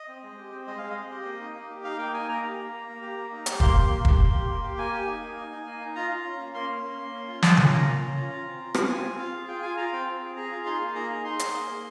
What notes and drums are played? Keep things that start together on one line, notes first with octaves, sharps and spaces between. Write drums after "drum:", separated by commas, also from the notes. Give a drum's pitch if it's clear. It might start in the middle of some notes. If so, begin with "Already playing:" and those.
Already playing: D#5
C4
G#3
G4
C4
G#3 D#5
G#3 F5
D#5
C4
G4
A#3
D#4
A#3
G4
D#4 F5
A#3 G5
D#4 G#5
A#3 A#5
G4
A#3
A#3
A#3
G4
A#3
D#4
G4, drum: hi-hat
A#3 C6, drum: kick
G4
A#3
G4, drum: kick
A#3
G4
A#3
G4
A#3 G#5
G4
D#4
A#3
D#4
D#4
A#3
D#4
F4 A#5
F4
C#4
A#3
A#3 C6
C#4
A#3
A#3
C#4
F4
C#4, drum: snare
F4, drum: tom C#3
G#5
A#3 A#5
F4
C#4
F4
F4
C4
F4
C4, drum: rim click
C4 G#5
F4
F4 F5
G#4
F4 G5
F4 G#5
F4 A#5
C4 G5
C4
G#4
G#4 A#5
F4
D#4 C6
A#3
G#4 A#5
D#4
D#4 C6
G#4, drum: hi-hat
A#3
G#4